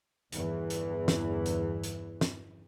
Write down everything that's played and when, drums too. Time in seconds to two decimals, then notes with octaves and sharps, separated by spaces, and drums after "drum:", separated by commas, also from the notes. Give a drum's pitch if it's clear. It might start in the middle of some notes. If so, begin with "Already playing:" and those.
0.32 G1 E2 E3, drum: hi-hat
0.70 drum: hi-hat
1.08 drum: snare
1.46 drum: hi-hat
1.84 drum: hi-hat
2.21 drum: snare